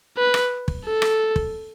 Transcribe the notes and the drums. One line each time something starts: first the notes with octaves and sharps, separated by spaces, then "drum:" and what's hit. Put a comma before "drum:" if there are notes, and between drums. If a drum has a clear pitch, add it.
B4
drum: rim click
drum: kick
A4
drum: rim click
drum: kick